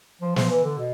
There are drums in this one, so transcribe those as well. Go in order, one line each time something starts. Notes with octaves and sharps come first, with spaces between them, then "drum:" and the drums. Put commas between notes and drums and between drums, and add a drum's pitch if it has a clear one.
F3
F3, drum: snare
E3
D3
B2